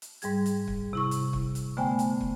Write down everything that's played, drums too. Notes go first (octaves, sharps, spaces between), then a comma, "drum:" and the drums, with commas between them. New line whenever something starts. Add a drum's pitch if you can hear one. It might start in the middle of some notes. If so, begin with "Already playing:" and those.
drum: hi-hat
G#2 G3 G#4 G#6, drum: hi-hat
drum: hi-hat
drum: kick
C3 E4 C#6
drum: hi-hat
drum: kick
drum: hi-hat
D3 A3 B3 C5 G5 G#5
drum: hi-hat
drum: kick